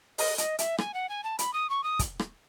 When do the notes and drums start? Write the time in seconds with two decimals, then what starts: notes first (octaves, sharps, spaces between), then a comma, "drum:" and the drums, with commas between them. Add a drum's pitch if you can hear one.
0.18 D#5, drum: open hi-hat
0.38 D#5, drum: hi-hat
0.59 E5, drum: hi-hat
0.78 G#5, drum: rim click
0.94 F#5
1.09 G#5
1.24 A5
1.39 B5, drum: hi-hat
1.53 D#6
1.70 C#6
1.84 D#6
1.99 drum: kick, hi-hat
2.19 drum: rim click